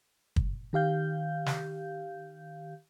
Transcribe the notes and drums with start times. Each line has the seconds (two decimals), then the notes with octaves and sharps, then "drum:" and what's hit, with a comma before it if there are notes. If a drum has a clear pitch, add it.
0.36 drum: kick
0.73 D#3 G4 F5 G6
1.46 drum: snare